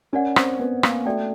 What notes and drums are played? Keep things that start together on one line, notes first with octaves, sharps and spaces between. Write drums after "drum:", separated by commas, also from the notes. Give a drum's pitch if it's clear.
C#4 A#4 D5 F#5
C4, drum: rim click
B3
A#3, drum: rim click
A3 F#4 A4 D5 G5